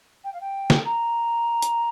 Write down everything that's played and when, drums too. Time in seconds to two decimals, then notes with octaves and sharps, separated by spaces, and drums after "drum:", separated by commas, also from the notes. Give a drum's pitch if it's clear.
0.24 G5
0.33 F5
0.40 G5
0.70 drum: snare
0.84 A#5
1.62 drum: hi-hat